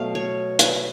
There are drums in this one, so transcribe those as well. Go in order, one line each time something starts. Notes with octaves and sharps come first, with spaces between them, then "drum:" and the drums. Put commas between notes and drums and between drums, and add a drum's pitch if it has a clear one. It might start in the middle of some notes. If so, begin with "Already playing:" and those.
Already playing: B2 F#3 A3 F5
C#5
B4, drum: hi-hat